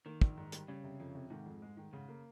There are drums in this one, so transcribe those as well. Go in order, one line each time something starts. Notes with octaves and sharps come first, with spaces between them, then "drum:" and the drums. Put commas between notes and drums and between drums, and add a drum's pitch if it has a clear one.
D#3 A#3
A#1, drum: kick
G#2
G3, drum: hi-hat
C#3 G3
C3
F2
C3
G#2 D#3
F2
G#3
D#3
G#2 C#3
A#3